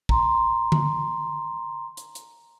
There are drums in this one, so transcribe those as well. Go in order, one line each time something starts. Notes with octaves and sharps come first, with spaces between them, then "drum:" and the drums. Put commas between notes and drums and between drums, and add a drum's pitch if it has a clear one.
A#5 C6, drum: kick
drum: tom D3
drum: hi-hat
drum: hi-hat